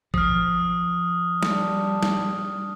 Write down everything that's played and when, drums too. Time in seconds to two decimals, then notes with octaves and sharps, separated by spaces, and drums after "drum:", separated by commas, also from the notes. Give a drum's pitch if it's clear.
0.14 F3 D#6 F6, drum: kick A1
1.43 G3 D4, drum: snare
2.03 drum: snare